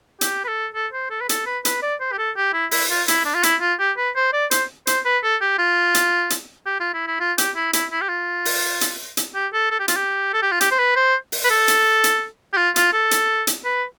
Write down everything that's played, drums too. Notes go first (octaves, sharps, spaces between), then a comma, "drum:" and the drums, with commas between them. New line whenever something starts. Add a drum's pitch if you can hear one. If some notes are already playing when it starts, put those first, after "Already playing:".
G4, drum: hi-hat
B4
A4
A4
C5
A4
B4
A4, drum: hi-hat
B4
B4, drum: hi-hat
D5
C5
G4
A4
G4
E4
E4, drum: open hi-hat
F4
E4, drum: hi-hat
D4
F4
E4, drum: hi-hat
F4
G4
B4
C5
D5
C5, drum: hi-hat
C5, drum: hi-hat
B4
A4
G4
F4
drum: hi-hat
drum: hi-hat
G4
F4
E4
E4
F4
G4, drum: hi-hat
E4
E4, drum: hi-hat
E4
G4
F4
drum: open hi-hat
drum: hi-hat
drum: hi-hat
G4
A4
A4
G4
F4, drum: hi-hat
G4
A4
G4
F4
G4, drum: hi-hat
C5
B4
C5
drum: open hi-hat
B4
A4
drum: hi-hat
drum: hi-hat
G4
F4
F4, drum: hi-hat
A4
drum: hi-hat
drum: hi-hat
B4